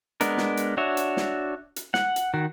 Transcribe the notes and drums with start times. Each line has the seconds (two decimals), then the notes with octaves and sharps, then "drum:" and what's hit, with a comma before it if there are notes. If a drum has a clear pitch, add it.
0.21 G#3 B3 D4 A#4, drum: hi-hat
0.38 drum: snare
0.57 drum: hi-hat
0.77 D4 F#4 C#5 E5
0.97 drum: hi-hat
1.17 drum: snare
1.76 drum: hi-hat
1.94 F#5, drum: snare
2.16 drum: hi-hat
2.34 D#3 F#4